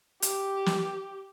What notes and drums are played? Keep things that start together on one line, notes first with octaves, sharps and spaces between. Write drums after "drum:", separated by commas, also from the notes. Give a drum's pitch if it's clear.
G4, drum: hi-hat
drum: snare